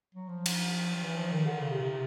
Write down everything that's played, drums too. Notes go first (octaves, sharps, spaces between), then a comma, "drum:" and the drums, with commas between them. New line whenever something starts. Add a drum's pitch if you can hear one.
F#3
F3
drum: cymbal
F3
E3
F3
D#3
D3
C#3
C3
C3